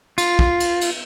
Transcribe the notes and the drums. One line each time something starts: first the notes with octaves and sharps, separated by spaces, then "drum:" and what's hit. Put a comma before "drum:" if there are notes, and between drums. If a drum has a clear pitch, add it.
F4, drum: cymbal
drum: kick
drum: cymbal
drum: cymbal